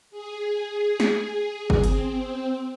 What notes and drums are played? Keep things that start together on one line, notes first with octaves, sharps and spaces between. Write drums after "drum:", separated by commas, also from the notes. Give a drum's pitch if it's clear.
G#4
drum: snare
drum: kick G1
C4, drum: hi-hat